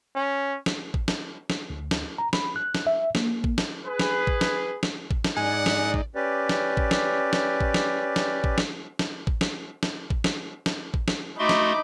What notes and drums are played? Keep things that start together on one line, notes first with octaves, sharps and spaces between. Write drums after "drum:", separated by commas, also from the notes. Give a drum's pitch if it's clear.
C#4
drum: snare
drum: kick A1
drum: snare
drum: snare
D2
drum: snare
A#5
B5, drum: snare
F#6
drum: snare
E5
A#3, drum: snare
drum: kick A1
drum: snare
G#4 B4
drum: snare
drum: kick A1
drum: snare
drum: snare
drum: kick A1
drum: snare
G#2 D#4 D5 F#5 G#5
drum: snare
drum: kick A1
C#4 G4 B4 D5
drum: snare
drum: kick A1
drum: snare
drum: snare
drum: kick A1
drum: snare
drum: snare
drum: kick A1
drum: snare
drum: snare
drum: kick A1
drum: snare
drum: snare
drum: kick A1
drum: snare
drum: snare
drum: kick A1
drum: snare
A3 D#4 F#4 B5 C6 D6
drum: snare